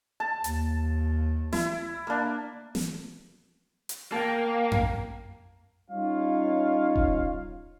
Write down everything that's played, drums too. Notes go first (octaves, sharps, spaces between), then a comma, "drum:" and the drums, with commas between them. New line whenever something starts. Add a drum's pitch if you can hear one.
A5
D#2, drum: hi-hat
E4, drum: snare
A#3 D4
drum: snare
drum: hi-hat
A#3 G5 A5
drum: tom F2
G3 C#4 D#4 F4 C#5 F5
drum: kick D#1